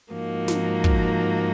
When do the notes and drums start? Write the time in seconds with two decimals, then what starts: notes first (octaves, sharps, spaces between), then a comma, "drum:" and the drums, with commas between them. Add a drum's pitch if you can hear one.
0.12 G#2 F3 A#3 D#4 F#4
0.48 drum: snare
0.84 drum: kick